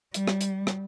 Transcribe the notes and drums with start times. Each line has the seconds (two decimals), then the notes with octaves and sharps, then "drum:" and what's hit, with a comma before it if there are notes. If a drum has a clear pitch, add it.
0.14 G3, drum: hi-hat
0.28 drum: rim click
0.41 drum: hi-hat
0.67 drum: rim click